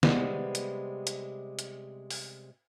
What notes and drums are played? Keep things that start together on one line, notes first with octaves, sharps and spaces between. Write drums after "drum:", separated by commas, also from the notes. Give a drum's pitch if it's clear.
C3 G3 G#3 B3, drum: snare
drum: hi-hat
drum: hi-hat
drum: hi-hat
drum: open hi-hat